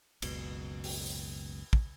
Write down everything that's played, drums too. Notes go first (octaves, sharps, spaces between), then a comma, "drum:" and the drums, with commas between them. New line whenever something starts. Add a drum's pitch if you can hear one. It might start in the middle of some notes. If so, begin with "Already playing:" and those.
F#1 C#2 B2, drum: cymbal
drum: open hi-hat
drum: tambourine
drum: kick